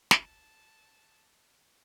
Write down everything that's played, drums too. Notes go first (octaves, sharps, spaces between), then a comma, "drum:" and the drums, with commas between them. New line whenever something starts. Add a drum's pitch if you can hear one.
A5, drum: snare